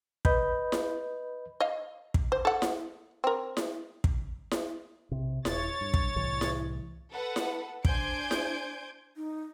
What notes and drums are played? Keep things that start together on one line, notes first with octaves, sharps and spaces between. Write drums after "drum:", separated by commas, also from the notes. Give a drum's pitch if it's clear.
B4 D#5 B5 G6, drum: kick
drum: snare E4
D#5 F5
drum: kick
C5
A4 F#5
drum: snare E4
C4 A#4
drum: snare E4
drum: kick
drum: snare E4
B1 C3
D#1 C#5 A6, drum: snare E4
G2
drum: kick
C2 A2 E3
drum: snare E4
A4 B4 F#5
drum: snare E4
D4 C5 G#5 G6 G#6 D7, drum: kick
drum: snare E4
D#4